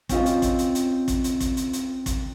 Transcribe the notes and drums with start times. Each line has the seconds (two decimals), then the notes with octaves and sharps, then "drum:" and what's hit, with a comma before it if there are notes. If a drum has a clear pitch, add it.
0.09 C4 C#4 F4 D#5, drum: kick, hi-hat
0.26 drum: hi-hat
0.42 drum: kick, hi-hat
0.59 drum: hi-hat
0.75 drum: hi-hat
1.08 drum: kick, hi-hat
1.24 drum: hi-hat
1.40 drum: kick, hi-hat
1.57 drum: hi-hat
1.73 drum: hi-hat
2.06 drum: kick, hi-hat